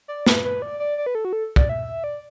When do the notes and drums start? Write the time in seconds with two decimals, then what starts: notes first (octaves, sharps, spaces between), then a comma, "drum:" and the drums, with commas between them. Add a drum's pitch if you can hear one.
0.08 D5
0.26 B4, drum: snare
0.44 B4
0.62 D5
0.80 D5
0.98 D5
1.06 B4
1.15 A4
1.25 F#4
1.33 A4
1.56 D5, drum: kick
1.69 E5
2.04 D5